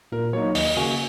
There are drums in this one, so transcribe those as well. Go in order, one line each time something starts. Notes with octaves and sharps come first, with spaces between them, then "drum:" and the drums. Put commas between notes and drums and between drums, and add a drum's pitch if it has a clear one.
A#2 A#4
F#3 A#3 D#4 C#5
D#2 D#5, drum: open hi-hat
C#3 A#3 F#4 G#5